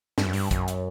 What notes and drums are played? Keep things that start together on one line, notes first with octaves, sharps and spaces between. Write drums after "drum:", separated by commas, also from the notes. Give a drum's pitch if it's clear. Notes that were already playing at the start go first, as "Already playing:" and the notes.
G2, drum: snare
F#2
G2, drum: open hi-hat
F#2, drum: kick A#1, hi-hat
drum: hi-hat